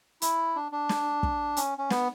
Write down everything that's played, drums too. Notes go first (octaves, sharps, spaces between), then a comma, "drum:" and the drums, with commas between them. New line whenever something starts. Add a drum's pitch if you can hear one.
E4, drum: hi-hat
D4
D4
drum: snare
drum: kick
C#4, drum: hi-hat
C#4
B3, drum: snare